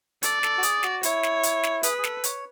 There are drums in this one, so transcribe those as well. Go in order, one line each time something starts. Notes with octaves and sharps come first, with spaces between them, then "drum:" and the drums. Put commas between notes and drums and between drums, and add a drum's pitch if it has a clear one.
A4 D5, drum: hi-hat
A4, drum: snare
F#4
G#4, drum: hi-hat
F#4, drum: snare
E4 C#5, drum: hi-hat
drum: snare
drum: hi-hat
drum: snare
G#4 B4, drum: hi-hat
G#4
A4, drum: snare
C#5, drum: hi-hat